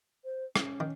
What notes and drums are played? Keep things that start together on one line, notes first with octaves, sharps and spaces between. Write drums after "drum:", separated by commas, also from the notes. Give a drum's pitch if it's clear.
C5
C#4, drum: rim click
D#3